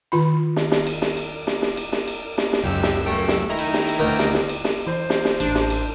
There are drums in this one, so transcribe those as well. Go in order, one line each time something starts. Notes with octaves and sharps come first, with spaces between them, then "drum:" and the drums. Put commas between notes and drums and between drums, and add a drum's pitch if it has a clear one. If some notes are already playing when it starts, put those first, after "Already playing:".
D#3 F4 B5
drum: snare
drum: snare
drum: cymbal
drum: snare
drum: cymbal
drum: snare
drum: snare
drum: cymbal
drum: snare
drum: cymbal
drum: snare
drum: snare
C#2 F#2 G#3 G4 E6
drum: snare
B2 A3 A#3 G4
drum: snare
D#3 D#4 E4 A#5
drum: cymbal
drum: snare
drum: cymbal
D2 A#4 G5
drum: snare
drum: snare
drum: cymbal
drum: snare
E3 C5
drum: snare
drum: snare
A1 D4, drum: cymbal
drum: snare
drum: cymbal